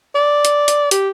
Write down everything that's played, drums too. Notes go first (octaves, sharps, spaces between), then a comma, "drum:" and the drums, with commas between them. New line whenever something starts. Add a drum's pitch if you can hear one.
D5
drum: hi-hat
drum: hi-hat
G4, drum: hi-hat